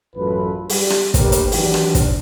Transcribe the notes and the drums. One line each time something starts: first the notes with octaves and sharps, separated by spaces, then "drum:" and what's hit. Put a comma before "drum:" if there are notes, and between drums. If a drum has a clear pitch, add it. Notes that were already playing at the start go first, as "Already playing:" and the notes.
A1 F#2 F4 A4 B4
G3, drum: open hi-hat
drum: rim click
A3 A#3 D4 G4 A#4 B4, drum: kick, hi-hat
drum: hi-hat
D#3 E3 F#3 D4 G4, drum: open hi-hat
drum: rim click
drum: kick, hi-hat